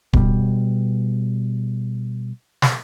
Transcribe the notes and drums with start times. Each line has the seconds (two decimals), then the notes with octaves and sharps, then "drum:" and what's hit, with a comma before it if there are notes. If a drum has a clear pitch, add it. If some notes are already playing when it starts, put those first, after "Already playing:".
0.13 B2 G3, drum: kick D1
2.62 drum: snare